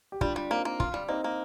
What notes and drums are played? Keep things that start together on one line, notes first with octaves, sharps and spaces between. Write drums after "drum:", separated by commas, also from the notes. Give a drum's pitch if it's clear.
G4
G3 D4 F4, drum: kick
G3
A#3 C4 D#4
A#3
F4, drum: kick
G3
A#3 C4 D#4
A#3